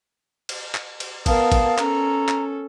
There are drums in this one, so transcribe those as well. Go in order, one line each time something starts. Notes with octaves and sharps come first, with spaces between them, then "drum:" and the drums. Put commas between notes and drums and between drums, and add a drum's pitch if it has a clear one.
drum: cymbal
drum: clap
drum: cymbal
B3 A#4 F5 A5 D#6, drum: kick, cymbal
drum: kick, cymbal
C#4 A4 A#5, drum: clap
drum: clap